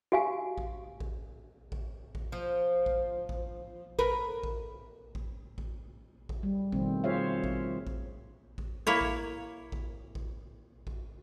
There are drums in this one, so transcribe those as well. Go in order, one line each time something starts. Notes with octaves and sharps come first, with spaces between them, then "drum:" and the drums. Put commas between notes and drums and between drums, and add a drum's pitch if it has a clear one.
F#4 G4 F5 G#5
drum: kick A1
drum: kick A1
drum: kick A1
drum: kick A1
F3
drum: kick A1
drum: kick A1
A#4 B4, drum: kick A1
drum: kick A1
drum: kick A1
drum: kick A1
drum: kick A1
G3
B2 D#3 F3 A3 C4, drum: kick A1
F4 G#4 C5 C#5 E5 F5
drum: kick A1
drum: kick A1
drum: kick A1
A#3 E4 C#5
drum: kick A1
drum: kick A1
drum: kick A1
drum: kick A1